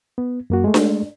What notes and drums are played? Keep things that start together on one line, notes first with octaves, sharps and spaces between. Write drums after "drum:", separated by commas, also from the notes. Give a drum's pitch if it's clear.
B3
F#2 A#3 F#4
G#3 A3
drum: snare D4